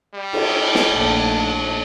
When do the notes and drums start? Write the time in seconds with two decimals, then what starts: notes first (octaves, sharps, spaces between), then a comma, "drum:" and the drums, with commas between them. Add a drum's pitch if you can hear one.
0.15 G3
0.33 drum: cymbal
0.75 drum: snare
0.91 A#1 A#2 A3 A#3 D4